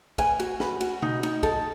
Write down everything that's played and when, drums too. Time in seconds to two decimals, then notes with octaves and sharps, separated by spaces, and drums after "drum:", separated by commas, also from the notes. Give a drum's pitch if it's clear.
0.18 B4 G#5, drum: kick, cymbal
0.39 F#4, drum: cymbal
0.60 B4, drum: snare
0.81 F#4, drum: cymbal
1.02 D#4, drum: tom B2
1.23 D#4, drum: cymbal
1.43 A4, drum: kick, cymbal